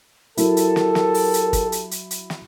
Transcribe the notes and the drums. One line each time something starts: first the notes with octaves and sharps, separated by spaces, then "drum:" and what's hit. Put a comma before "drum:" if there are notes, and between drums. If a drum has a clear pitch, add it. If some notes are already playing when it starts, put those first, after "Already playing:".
F#3 E4 G4 A4 A#4, drum: hi-hat
drum: hi-hat
drum: snare
drum: snare
drum: open hi-hat
drum: hi-hat
drum: kick, hi-hat
drum: hi-hat
drum: hi-hat
drum: hi-hat
drum: snare